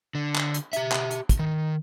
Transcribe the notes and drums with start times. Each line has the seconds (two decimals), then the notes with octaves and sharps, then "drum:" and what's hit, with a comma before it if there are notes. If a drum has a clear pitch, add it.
0.15 D3
0.36 drum: clap
0.54 drum: hi-hat
0.73 G4 E5, drum: hi-hat
0.92 drum: clap
1.11 drum: hi-hat
1.29 drum: kick, hi-hat
1.39 D#3